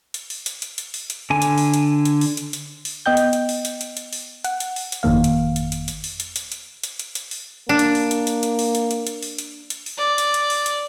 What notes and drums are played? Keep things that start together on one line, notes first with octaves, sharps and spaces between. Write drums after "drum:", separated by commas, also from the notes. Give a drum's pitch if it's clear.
drum: hi-hat
drum: open hi-hat
drum: hi-hat
drum: hi-hat
drum: hi-hat
drum: open hi-hat
drum: hi-hat
D3 G#5
drum: hi-hat
drum: open hi-hat
drum: hi-hat
drum: hi-hat
drum: open hi-hat
drum: hi-hat
drum: hi-hat
drum: open hi-hat
B3 D#5 G5 G6
drum: hi-hat
drum: hi-hat
drum: open hi-hat
drum: hi-hat
drum: hi-hat
drum: hi-hat
drum: open hi-hat
F#5, drum: hi-hat
drum: hi-hat
drum: open hi-hat
drum: hi-hat
G1 F2 D#3 A#3 F5
drum: hi-hat
drum: hi-hat
drum: hi-hat
drum: hi-hat
drum: open hi-hat
drum: hi-hat
drum: hi-hat
drum: hi-hat
drum: hi-hat
drum: hi-hat
drum: hi-hat
drum: open hi-hat
A#3 D4
drum: hi-hat
drum: open hi-hat
drum: hi-hat
drum: hi-hat
drum: hi-hat
drum: open hi-hat
drum: hi-hat
drum: hi-hat
drum: hi-hat
drum: open hi-hat
drum: hi-hat
drum: hi-hat
drum: open hi-hat
D5
drum: hi-hat
drum: hi-hat
drum: open hi-hat
drum: hi-hat